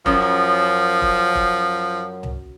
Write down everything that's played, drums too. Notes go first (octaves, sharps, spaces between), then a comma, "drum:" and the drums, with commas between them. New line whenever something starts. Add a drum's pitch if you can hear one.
F#2 F3, drum: kick F1
drum: kick F1
drum: kick F1
drum: tom C2